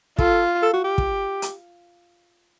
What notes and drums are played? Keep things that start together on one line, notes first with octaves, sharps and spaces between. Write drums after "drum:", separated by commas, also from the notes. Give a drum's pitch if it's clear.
F4 A4, drum: kick
A4
F#4
G4
drum: kick
drum: hi-hat